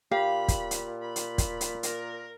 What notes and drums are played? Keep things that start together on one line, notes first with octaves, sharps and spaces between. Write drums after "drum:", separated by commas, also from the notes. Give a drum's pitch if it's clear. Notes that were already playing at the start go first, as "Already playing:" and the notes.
A#2 G4 F5 B5
drum: kick, hi-hat
drum: hi-hat
B5
drum: hi-hat
drum: kick, hi-hat
drum: hi-hat
A#4, drum: hi-hat